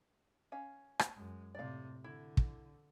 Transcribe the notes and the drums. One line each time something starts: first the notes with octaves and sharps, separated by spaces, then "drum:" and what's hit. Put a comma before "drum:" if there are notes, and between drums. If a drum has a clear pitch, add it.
C#4 F5
drum: rim click
F#2 G#3
A2 C3 D5 F5
D3 E4
drum: kick